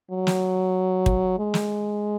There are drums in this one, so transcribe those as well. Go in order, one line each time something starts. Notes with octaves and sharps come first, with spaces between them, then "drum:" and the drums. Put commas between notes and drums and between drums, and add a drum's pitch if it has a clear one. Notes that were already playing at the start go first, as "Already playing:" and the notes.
F#3
drum: snare
drum: kick
G#3
drum: snare